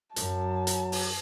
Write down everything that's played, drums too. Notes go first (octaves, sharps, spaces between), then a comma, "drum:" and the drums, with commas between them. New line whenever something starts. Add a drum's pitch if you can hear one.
F#2 F#3 A5, drum: hi-hat
drum: hi-hat
drum: open hi-hat